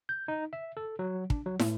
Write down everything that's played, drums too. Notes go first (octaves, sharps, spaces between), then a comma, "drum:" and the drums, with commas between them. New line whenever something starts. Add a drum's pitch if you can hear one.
G6
D#4
E5
A4
F#3
D4, drum: kick
F#3
A2, drum: snare